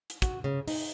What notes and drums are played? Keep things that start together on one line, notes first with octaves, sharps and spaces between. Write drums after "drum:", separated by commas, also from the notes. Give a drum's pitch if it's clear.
drum: hi-hat
F#4, drum: kick, hi-hat
C#3
D#4, drum: open hi-hat